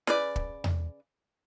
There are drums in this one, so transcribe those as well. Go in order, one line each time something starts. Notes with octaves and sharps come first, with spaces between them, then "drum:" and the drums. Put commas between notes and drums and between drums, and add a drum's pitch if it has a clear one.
C#3 B4 D5, drum: snare
drum: kick
drum: tom E2